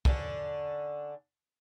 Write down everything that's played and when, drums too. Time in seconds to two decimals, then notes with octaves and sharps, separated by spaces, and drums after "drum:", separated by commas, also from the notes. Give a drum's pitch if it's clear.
0.05 D3 C#4 D4, drum: kick